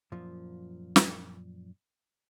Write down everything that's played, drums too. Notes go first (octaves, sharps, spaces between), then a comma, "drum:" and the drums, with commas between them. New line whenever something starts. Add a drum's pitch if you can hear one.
F#2 A#2 F3
drum: snare